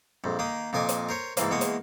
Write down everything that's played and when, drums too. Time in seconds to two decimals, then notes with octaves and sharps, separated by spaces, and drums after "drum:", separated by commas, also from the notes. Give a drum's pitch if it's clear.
0.24 A#1 F2
0.39 D#3 A#3 D#6
0.73 F2 A#2 D#5 G#5 D6
0.89 drum: hi-hat
1.09 A#4 C5 C#5
1.37 G#2 E3 A#3, drum: hi-hat
1.51 E2 G#3 A#3 C#6 D#6
1.61 drum: hi-hat